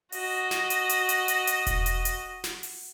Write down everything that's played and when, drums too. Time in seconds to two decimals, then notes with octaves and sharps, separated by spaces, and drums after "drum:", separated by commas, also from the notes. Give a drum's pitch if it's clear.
0.12 F#4 D#5, drum: open hi-hat
0.51 drum: snare
0.70 drum: hi-hat
0.89 drum: hi-hat
1.09 drum: hi-hat
1.28 drum: hi-hat
1.47 drum: hi-hat
1.67 drum: kick E1, hi-hat
1.86 drum: hi-hat
2.05 drum: hi-hat
2.44 drum: snare
2.63 drum: open hi-hat